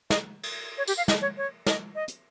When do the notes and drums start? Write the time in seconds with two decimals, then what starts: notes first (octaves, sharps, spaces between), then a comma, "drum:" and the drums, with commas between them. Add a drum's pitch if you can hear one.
0.10 D#5, drum: snare
0.43 drum: cymbal
0.78 C#5
0.88 G4, drum: tambourine
0.97 F5
1.08 D#5, drum: snare
1.22 C#5
1.37 C#5
1.66 D#5, drum: snare
1.95 D#5
2.08 drum: hi-hat